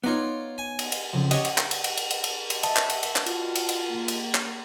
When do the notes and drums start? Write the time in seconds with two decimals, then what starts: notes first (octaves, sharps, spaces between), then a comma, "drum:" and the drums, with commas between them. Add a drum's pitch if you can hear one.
0.04 B3 D#4 F4 C#5 D5
0.58 G#5
0.79 drum: cymbal
0.92 drum: cymbal
1.13 F2 C#3
1.31 G4 C#5 D#5 F#5, drum: cymbal
1.45 drum: cymbal
1.58 drum: clap
1.71 drum: cymbal
1.84 drum: cymbal
1.97 drum: cymbal
2.11 drum: cymbal
2.24 drum: cymbal
2.50 drum: cymbal
2.63 D#5 E5 A5, drum: cymbal
2.76 drum: clap
2.90 drum: cymbal
3.03 drum: cymbal
3.16 drum: clap
3.26 F4 F#4, drum: cymbal
3.55 drum: cymbal
3.69 drum: cymbal
3.90 A#3
4.08 drum: cymbal
4.35 drum: clap